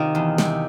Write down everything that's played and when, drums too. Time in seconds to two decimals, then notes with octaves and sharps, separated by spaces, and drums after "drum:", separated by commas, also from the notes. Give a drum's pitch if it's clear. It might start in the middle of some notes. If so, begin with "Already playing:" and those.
Already playing: C3 D#3 F4
0.15 E2
0.38 C3, drum: snare